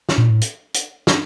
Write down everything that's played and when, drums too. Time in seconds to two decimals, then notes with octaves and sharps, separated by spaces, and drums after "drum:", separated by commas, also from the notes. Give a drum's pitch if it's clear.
0.09 drum: snare
0.18 A#2
0.30 A2
0.41 drum: hi-hat
0.74 drum: hi-hat
1.07 drum: snare